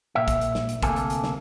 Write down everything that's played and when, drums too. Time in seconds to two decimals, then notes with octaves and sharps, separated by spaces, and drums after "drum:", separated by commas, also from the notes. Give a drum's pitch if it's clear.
0.15 A#2 E5
0.28 drum: kick, hi-hat
0.41 drum: hi-hat
0.55 drum: snare
0.69 drum: hi-hat
0.83 D2 C3 A#3 A4 G#5, drum: kick, hi-hat
0.96 drum: hi-hat
1.10 drum: hi-hat
1.24 drum: snare